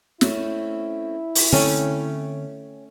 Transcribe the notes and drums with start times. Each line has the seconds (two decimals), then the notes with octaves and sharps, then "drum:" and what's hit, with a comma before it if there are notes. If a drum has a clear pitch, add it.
0.21 A3 C4 C#4 E4, drum: snare
1.35 drum: open hi-hat
1.52 D3 A3 C4 C#4 C#5 G5 G#5